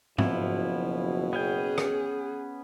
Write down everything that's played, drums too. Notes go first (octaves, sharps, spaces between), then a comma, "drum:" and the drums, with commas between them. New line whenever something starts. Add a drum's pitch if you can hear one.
F#1 B2 F3 E4, drum: tom G#2
B3 C#4 G#4 G5
drum: rim click